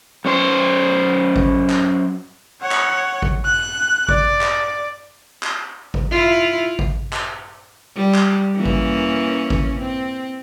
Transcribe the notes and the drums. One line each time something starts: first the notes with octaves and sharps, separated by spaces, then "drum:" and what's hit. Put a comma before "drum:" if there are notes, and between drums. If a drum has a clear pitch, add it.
F#2 C#4 C5
drum: kick G#1
drum: clap
C#5 F#5
drum: clap
drum: kick G#1
F#6
D5, drum: kick G#1
drum: clap
drum: clap
drum: kick G#1
E4 F4
drum: kick G#1
drum: clap
G3
drum: clap
E3 A#3 C#4
drum: kick G#1
drum: kick G#1
C4